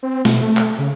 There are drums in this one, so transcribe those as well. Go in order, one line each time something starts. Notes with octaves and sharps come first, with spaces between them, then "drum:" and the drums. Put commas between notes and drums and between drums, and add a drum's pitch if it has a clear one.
C4
B2, drum: snare
A3
drum: clap
C#3